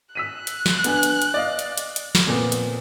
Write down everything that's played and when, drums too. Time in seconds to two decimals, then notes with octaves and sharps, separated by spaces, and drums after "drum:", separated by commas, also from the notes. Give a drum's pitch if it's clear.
0.15 E6 F#6 B6 D#7
0.47 drum: hi-hat
0.66 drum: snare
0.84 B3 D4 G#5, drum: hi-hat
1.03 drum: hi-hat
1.22 drum: hi-hat
1.34 D5 D#5 F5
1.59 drum: hi-hat
1.77 drum: hi-hat
1.96 drum: hi-hat
2.15 drum: snare
2.27 F2 A#2 B3
2.52 drum: hi-hat